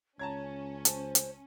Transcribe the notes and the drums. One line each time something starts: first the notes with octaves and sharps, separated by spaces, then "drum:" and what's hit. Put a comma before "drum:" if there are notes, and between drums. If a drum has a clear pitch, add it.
C#2 C#4 C#5 A5 A#5 G#6
C5 A5, drum: hi-hat
drum: hi-hat